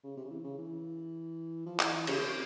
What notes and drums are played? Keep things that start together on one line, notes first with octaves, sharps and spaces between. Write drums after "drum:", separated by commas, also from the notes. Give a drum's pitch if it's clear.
C#3
C3
C#3
E3
C#3
E3
F3
E3, drum: clap
E3
C#3, drum: cymbal
C3